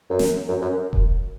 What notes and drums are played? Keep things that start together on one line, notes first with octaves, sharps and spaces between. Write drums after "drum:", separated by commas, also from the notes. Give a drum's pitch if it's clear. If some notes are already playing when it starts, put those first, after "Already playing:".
F#2
drum: snare
F#2
F#2
drum: kick E1